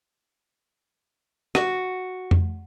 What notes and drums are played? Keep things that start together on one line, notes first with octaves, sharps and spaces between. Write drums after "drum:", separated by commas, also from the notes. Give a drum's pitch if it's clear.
F#4, drum: rim click
drum: tom F2